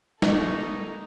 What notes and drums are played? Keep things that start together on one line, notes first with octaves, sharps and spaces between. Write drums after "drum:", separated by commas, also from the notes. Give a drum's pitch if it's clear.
A3 B3 D#4 A4 A#4 C#6 G#6 D#7, drum: snare